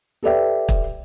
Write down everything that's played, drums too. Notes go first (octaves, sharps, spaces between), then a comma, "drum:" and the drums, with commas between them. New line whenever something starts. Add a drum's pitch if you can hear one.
G4 A4 B4 D5 E5 G5
drum: kick